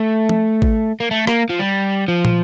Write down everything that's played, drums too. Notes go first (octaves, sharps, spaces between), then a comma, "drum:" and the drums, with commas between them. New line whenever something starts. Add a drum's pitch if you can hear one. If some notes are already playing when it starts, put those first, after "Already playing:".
Already playing: A3
drum: tom
drum: kick A1
A#3
A3
A#3, drum: rim click
F3
G3
F3
drum: tom